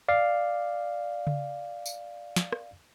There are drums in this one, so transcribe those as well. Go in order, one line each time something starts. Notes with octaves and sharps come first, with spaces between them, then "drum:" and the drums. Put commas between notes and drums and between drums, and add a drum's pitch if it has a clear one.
D5 F5
drum: tom C#3
drum: tambourine
drum: snare
drum: rim click